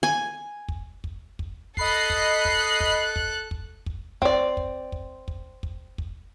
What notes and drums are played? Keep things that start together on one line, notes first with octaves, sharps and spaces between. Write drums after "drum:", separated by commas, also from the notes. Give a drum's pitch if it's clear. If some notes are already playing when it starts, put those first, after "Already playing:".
G#5
drum: kick
drum: kick
drum: kick
A4 D#5 B5 F#6 C7, drum: kick
drum: kick
drum: kick
drum: kick
drum: kick
drum: kick
drum: kick
C4 D5, drum: kick
drum: kick
drum: kick
drum: kick
drum: kick
drum: kick